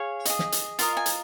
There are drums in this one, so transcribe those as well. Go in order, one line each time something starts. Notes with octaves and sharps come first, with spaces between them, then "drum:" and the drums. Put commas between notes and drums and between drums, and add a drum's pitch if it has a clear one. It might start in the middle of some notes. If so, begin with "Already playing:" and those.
Already playing: G#4 C#5 F5
G#4 D#5, drum: hi-hat
drum: snare
drum: hi-hat
F4 A#4 D#5 F5, drum: hi-hat
G#5
drum: hi-hat